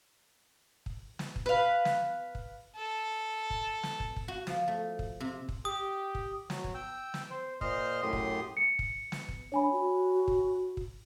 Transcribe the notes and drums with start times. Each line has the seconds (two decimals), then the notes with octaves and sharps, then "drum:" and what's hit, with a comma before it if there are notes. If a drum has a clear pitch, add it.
0.86 drum: kick
1.19 drum: snare
1.36 drum: kick
1.46 B4 F5
1.85 drum: snare
2.35 drum: kick
2.76 A4
3.50 drum: kick
3.83 drum: snare
4.00 drum: kick
4.16 drum: kick
4.28 F#4
4.47 F3, drum: snare
4.68 A3
4.99 drum: kick
5.20 C3
5.49 drum: kick
5.65 G4 D#6
6.15 drum: kick
6.50 F#3, drum: snare
6.64 drum: kick
6.74 G5 E6
7.14 drum: snare
7.31 C5
7.61 A#2 C5 D#5 C6 F6 G6, drum: kick
8.03 F#2 A2 G4 C6 D#6
8.13 drum: kick
8.57 C#7
8.79 drum: kick
9.12 drum: snare
9.28 drum: kick
9.52 D4 C#5 G#5 B5
9.72 F#4
10.28 drum: kick
10.77 drum: kick